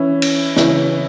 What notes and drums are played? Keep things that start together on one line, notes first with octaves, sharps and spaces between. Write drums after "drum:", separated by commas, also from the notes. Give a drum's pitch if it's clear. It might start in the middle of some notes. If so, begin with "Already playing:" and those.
Already playing: E3 C#4 E4
drum: cymbal
C#3 E3 C#4 E4, drum: snare